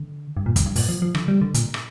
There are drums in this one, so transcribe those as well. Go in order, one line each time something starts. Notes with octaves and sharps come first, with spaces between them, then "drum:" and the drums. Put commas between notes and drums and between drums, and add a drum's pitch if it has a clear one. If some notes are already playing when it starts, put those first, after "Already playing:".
Already playing: D3
G2
A#2
G2, drum: kick, hi-hat
G2
A#2, drum: open hi-hat
F3
F3
D3, drum: rim click
G3
D3
A#2, drum: hi-hat
drum: rim click